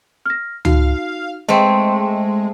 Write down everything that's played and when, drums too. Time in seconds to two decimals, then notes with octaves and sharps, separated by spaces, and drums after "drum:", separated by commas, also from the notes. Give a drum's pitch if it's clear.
0.26 F6 A#6
0.65 D#4 F#4 F5, drum: tom C#2
1.49 G#3 A3 C4 D#5 G5